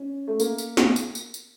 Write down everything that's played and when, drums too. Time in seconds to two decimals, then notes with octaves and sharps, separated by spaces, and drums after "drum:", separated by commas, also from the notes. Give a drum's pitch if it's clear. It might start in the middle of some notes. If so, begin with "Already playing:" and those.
Already playing: C#4
0.28 A3
0.40 A#3, drum: tambourine
0.58 drum: tambourine
0.77 drum: snare
0.96 drum: tambourine
1.15 drum: tambourine
1.34 drum: tambourine